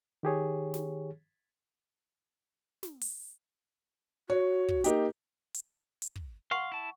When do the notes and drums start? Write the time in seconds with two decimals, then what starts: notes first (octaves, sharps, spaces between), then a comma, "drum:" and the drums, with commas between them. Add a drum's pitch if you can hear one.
0.23 D#3 G4 G#4 C#5
0.74 drum: snare
2.83 drum: snare
3.01 drum: open hi-hat
4.30 F#4 C#5
4.69 drum: kick
4.84 A#3 D#4 G4, drum: hi-hat
5.54 drum: hi-hat
6.02 drum: hi-hat
6.16 drum: kick
6.51 F5 F#5 C6 C#6
6.72 E4 A5